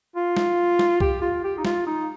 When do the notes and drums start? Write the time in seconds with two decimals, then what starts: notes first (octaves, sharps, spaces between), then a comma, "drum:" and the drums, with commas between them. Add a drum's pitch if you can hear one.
0.16 F4
0.37 drum: snare
0.79 drum: snare
1.00 G4, drum: kick
1.22 F4
1.44 G4
1.57 D#4
1.65 F4, drum: snare
1.87 D#4